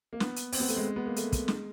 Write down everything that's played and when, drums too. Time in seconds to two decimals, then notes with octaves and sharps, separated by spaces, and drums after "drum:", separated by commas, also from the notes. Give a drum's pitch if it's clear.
0.13 A#3
0.20 B3, drum: snare
0.36 drum: hi-hat
0.52 C4, drum: open hi-hat
0.60 B3
0.69 A3, drum: hi-hat
0.76 G#3
0.96 B3
1.06 A#3
1.16 A3, drum: hi-hat
1.32 drum: kick, hi-hat
1.48 G#3, drum: snare